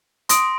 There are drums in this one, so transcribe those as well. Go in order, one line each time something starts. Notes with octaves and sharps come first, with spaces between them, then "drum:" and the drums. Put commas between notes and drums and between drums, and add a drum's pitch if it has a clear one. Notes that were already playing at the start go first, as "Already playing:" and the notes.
C6 D#6 A#6 D7, drum: hi-hat